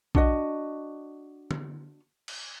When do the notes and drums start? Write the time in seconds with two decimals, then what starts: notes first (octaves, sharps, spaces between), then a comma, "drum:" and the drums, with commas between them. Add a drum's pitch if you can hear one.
0.15 D4 F#4 D#5, drum: kick A#1
1.51 drum: tom D3
2.28 drum: cymbal